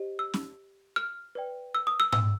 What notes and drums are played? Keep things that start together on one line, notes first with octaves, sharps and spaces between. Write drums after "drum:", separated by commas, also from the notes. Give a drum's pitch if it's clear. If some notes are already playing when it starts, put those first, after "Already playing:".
Already playing: G4 C5 D#5
E6
drum: snare C#4
F6
B4 D5 G5
E6
D#6
E6
E6, drum: tom G#2